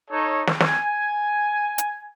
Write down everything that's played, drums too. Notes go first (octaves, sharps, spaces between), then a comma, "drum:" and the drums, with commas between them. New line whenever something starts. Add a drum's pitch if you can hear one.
D#4 A4 C#5
drum: snare
G#5, drum: snare
drum: hi-hat